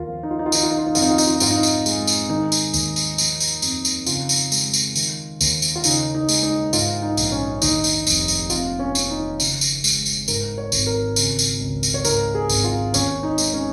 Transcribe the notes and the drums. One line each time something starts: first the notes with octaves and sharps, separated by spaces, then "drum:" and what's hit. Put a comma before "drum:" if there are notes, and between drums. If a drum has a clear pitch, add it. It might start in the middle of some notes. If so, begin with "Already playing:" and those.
Already playing: D#2 F4 A#4
F3
D#4
F4
D#4
F4
D#3 D#4, drum: tambourine
F4
D#4
F4
D#4
F2 F4, drum: tambourine
D#4
F4
D#4, drum: tambourine
F4
D#4
G#2 F4, drum: tambourine
D#4
drum: tambourine
G#3, drum: tambourine
drum: tambourine
D#3 D#4
drum: tambourine
D#2, drum: tambourine
drum: tambourine
F3, drum: tambourine
drum: tambourine
F2, drum: tambourine
drum: tambourine
C#3 F4, drum: tambourine
drum: tambourine
G#3, drum: tambourine
drum: tambourine
D#3, drum: tambourine
D#2, drum: tambourine
drum: tambourine
F4
C#3 D#4, drum: tambourine
D#4
G#3, drum: tambourine
D#4
G#2 F4, drum: tambourine
D#4
A#1, drum: tambourine
C#4
D#2 D#4, drum: tambourine
drum: tambourine
F1, drum: tambourine
drum: tambourine
F2 F4, drum: tambourine
C#4
F3, drum: tambourine
D#4
C#3, drum: tambourine
drum: tambourine
G#3, drum: tambourine
drum: tambourine
G#2 A#4, drum: tambourine
C#5
G#1, drum: tambourine
A#4
C#3, drum: tambourine
drum: tambourine
C#2
drum: tambourine
C#5
G#2 A#4, drum: tambourine
G#4
G#1, drum: tambourine
F4
D#2 C#4, drum: tambourine
D#4
G#3, drum: tambourine
C#4